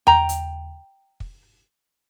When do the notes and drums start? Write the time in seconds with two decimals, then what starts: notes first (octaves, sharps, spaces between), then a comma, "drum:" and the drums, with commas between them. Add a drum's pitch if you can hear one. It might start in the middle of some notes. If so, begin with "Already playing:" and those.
0.07 G5 A#5, drum: tom E2
0.29 drum: hi-hat
1.20 drum: kick